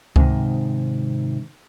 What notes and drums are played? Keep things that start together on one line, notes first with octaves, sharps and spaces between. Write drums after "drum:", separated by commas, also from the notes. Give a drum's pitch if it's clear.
G#2 C3 D#3, drum: kick C#2